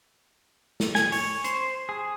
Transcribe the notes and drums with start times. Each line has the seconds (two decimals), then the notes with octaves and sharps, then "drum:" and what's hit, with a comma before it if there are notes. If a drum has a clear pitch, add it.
0.80 drum: snare
0.95 G#5, drum: snare
1.12 C#5, drum: open hi-hat
1.44 C5, drum: hi-hat
1.89 G#4